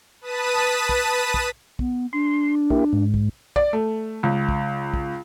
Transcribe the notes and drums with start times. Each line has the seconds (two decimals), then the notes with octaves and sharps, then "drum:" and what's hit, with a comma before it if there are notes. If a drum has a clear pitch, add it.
0.21 B4 A5 D#6 B6 D#7
0.89 drum: kick
1.34 drum: kick
1.79 B3, drum: kick
2.13 D4 C6
2.70 A#3 E4 G4, drum: kick
2.93 G#2
3.14 drum: kick
3.56 D5, drum: kick
3.73 A3
4.23 C#2
4.49 drum: kick
4.94 drum: kick